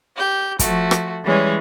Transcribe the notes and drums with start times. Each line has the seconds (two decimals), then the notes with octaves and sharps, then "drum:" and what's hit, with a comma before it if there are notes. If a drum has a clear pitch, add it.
0.16 G4 G6
0.59 F3 A3 F#4, drum: kick, hi-hat
0.91 drum: rim click
1.23 E3 G3 G#3 C#4 C#5